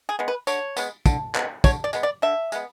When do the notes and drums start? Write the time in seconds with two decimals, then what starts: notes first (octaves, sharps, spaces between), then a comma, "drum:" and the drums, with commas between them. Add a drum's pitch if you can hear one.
0.09 G#4
0.19 G#3 B3
0.28 B4
0.47 D3 C#5, drum: tambourine
0.77 G#3 B3, drum: tambourine
1.06 D3, drum: kick, tambourine
1.35 G#3 B3, drum: clap
1.64 D3 C#5, drum: kick, tambourine
1.84 D5
1.93 G#3 B3, drum: tambourine
2.03 D5
2.22 D3 E5
2.52 G#3 B3, drum: tambourine